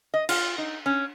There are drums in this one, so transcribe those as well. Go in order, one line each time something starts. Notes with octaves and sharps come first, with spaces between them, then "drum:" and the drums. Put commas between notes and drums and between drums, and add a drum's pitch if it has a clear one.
D#5
F4, drum: cymbal
D#4
C#4